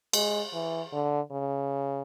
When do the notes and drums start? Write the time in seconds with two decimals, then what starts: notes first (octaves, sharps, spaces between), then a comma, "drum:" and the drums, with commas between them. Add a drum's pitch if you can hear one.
0.13 G#3, drum: cymbal
0.54 E3
0.93 D3
1.32 C#3